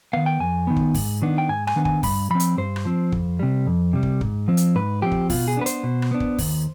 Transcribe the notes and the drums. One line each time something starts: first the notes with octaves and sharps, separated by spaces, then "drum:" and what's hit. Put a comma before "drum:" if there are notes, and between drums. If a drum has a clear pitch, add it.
D#3 B3 F5
G5
F2 G#5
D#3 B3
drum: kick
G#2, drum: kick, open hi-hat
D#3 B3 D4
G5
G#2 G#5
G#5, drum: rim click
D#3 B3 D4
G#5, drum: kick
G2 B5, drum: kick, open hi-hat
F3 C4 B5
drum: hi-hat
G2 C5
drum: rim click
F3 C4
F2, drum: kick
C3 G3
F2
C3 G3
drum: kick
G#2, drum: kick
F3 C4
drum: hi-hat
G#2 B4
F3 C4 G4
drum: kick
B2 F4, drum: kick, open hi-hat
G#4
B3 D4 B4
C5, drum: hi-hat
B2
drum: rim click
B3 D4
drum: kick
D#2, drum: kick, open hi-hat